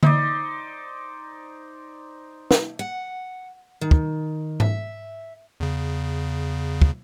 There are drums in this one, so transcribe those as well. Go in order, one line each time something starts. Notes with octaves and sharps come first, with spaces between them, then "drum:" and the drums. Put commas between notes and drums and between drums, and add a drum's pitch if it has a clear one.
D#4 C5 D5, drum: tom D3
drum: snare
F#5
D#3
drum: kick
E5, drum: tom G#2
E2 C#3
drum: kick